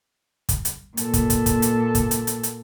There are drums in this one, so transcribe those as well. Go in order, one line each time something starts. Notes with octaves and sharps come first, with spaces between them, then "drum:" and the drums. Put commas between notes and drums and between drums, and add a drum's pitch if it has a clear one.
drum: kick, hi-hat
drum: hi-hat
A#2 A4, drum: hi-hat
drum: kick, hi-hat
drum: kick, hi-hat
drum: kick, hi-hat
drum: hi-hat
drum: kick, hi-hat
drum: hi-hat
drum: hi-hat
drum: hi-hat